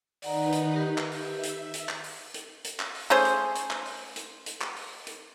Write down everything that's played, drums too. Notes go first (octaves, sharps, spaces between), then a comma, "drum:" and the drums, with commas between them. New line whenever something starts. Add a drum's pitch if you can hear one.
D#3 D#4 B4 D5 F#5 A#5, drum: open hi-hat
drum: hi-hat
G4 A#4
drum: clap
G4 E5, drum: open hi-hat
drum: hi-hat
drum: hi-hat
drum: clap
drum: open hi-hat
drum: hi-hat
drum: hi-hat
drum: clap
drum: open hi-hat
A3 C#4 G#4 C5
drum: hi-hat
drum: hi-hat
drum: clap
drum: open hi-hat
drum: hi-hat
drum: hi-hat
drum: clap
drum: open hi-hat
drum: hi-hat